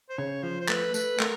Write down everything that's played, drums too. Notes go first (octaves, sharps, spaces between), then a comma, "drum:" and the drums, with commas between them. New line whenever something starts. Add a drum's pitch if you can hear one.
C5
C#3 C#5
F3 C5
C5
A3 B4, drum: clap
A3 B4, drum: tambourine
A3 A#4, drum: clap